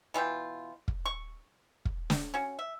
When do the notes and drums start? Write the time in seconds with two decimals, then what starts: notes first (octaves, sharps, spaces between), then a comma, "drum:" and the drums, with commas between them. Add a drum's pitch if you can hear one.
0.14 B2 E3 F4 G5
0.88 drum: kick
1.05 C#6
1.85 drum: kick
2.10 drum: snare
2.34 C#4 F#4
2.59 E5